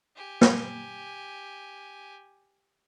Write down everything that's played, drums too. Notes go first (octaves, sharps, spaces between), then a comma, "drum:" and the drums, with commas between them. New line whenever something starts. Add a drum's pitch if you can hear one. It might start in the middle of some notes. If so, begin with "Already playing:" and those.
G4 G#5
drum: snare